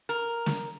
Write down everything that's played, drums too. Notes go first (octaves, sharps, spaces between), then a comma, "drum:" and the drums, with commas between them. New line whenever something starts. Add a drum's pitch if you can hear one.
A#4
drum: snare